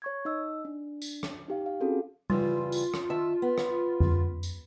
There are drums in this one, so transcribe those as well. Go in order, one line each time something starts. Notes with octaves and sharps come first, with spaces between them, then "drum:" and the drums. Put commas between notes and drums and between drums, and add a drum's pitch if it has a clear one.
C#5 C#6 G#6
D#4 D#5 E6
D4
drum: tambourine
drum: rim click
D#4 G4 F5
F5
C4 C#4 F4 F#4 G#4 A4
C#3 E3 G3 F4, drum: tom G3
drum: tambourine
drum: rim click
D#3 E5 A5
B3
drum: rim click
drum: tom F2
drum: tambourine